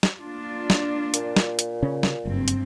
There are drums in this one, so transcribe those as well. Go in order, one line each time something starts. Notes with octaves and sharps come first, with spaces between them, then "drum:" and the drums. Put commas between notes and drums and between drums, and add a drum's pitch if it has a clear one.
drum: snare
A#3 D4 F4
drum: snare
A#2, drum: hi-hat
drum: snare
drum: hi-hat
C#3 C#4
drum: snare
F#1 G2 C4
drum: hi-hat